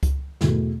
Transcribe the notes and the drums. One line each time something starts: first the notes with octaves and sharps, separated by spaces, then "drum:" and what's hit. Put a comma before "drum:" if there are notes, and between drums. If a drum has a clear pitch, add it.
drum: kick C#2, hi-hat
E2 B2 A3, drum: snare